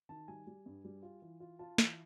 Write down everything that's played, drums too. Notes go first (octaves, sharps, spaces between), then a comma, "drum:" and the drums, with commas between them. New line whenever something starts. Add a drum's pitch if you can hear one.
D#3 A5
G3 G#5
G3
G2
G3
F4
E3
F4
F4 A5
E3, drum: snare